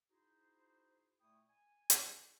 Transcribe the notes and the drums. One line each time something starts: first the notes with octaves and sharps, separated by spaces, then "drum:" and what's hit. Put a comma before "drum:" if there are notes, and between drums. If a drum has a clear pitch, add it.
D#4 E4 F#4 G#4 C5
A#2 A3 E4 G5 C#6 D#6
G#5
drum: hi-hat